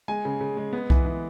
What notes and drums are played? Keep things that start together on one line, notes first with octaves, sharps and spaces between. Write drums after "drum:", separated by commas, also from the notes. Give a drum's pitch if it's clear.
G#3 G#5
C#3
C#3
G#3
B3
E3, drum: kick C2
E3